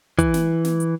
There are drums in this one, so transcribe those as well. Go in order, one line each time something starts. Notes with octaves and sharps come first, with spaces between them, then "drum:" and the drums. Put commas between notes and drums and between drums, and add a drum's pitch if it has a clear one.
E3, drum: kick, hi-hat
drum: snare
drum: snare
drum: hi-hat